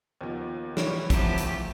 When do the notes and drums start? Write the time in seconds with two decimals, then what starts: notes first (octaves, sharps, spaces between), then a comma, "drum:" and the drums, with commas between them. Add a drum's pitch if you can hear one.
0.21 D#2 B2 F3
0.77 E3 C#5, drum: snare
1.10 C3 F3 F#3 A3 G4, drum: kick, hi-hat
1.38 drum: hi-hat